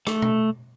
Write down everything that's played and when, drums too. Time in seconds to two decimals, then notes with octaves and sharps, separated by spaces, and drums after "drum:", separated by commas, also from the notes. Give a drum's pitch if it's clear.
0.07 A3, drum: rim click
0.22 drum: tom B2